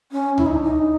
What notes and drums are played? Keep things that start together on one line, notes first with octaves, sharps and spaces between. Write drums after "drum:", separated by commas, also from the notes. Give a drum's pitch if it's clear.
C#4
E4, drum: tom C#2
D#4
D4
D#4